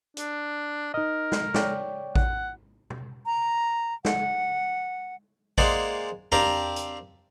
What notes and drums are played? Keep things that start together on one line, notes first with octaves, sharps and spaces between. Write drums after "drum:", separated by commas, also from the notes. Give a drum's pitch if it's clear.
D4, drum: hi-hat
D#4 A#4 D#5
drum: snare
C#5 D5 G5, drum: snare
F#5, drum: kick A1
drum: tom B2
A#5
F#5, drum: snare
G#3 A#3 G#4 C5 D5 F#5, drum: kick A1
C4 D4 G4 A#4 F5 A#5, drum: tom E2
drum: hi-hat